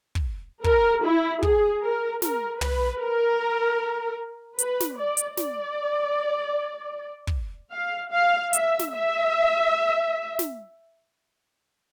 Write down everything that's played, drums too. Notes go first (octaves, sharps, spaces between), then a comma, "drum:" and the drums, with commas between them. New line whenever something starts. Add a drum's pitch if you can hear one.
drum: kick
A#4, drum: kick
E4
G#4, drum: kick
A#4
A#4, drum: snare
B4, drum: tom
A#4
B4, drum: hi-hat
drum: snare
D5
drum: hi-hat
D5, drum: snare
drum: kick
F5
F5
E5, drum: hi-hat
drum: snare
E5
drum: snare